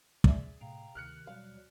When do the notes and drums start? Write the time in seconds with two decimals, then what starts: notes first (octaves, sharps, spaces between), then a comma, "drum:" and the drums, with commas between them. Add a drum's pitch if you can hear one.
0.24 C3 G3 G#4 D5 E5, drum: kick
0.61 A2 C3 F5 G5 A#5
0.95 D2 C3 D#3 D#4 F6 F#6 C#7
1.27 D#2 B2 F#3 G3 F5